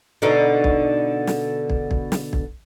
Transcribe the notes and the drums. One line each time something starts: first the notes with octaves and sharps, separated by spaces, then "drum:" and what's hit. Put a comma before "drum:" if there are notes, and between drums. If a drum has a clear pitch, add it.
B2 D3 D#4
drum: kick
drum: snare
drum: kick
drum: kick
drum: snare
drum: kick